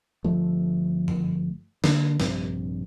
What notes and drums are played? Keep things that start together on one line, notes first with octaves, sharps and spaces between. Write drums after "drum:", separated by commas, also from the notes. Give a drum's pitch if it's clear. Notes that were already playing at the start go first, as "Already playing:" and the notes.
G1 F3 A3
drum: tom
D3 A#3, drum: snare
A#1 G2 C3, drum: snare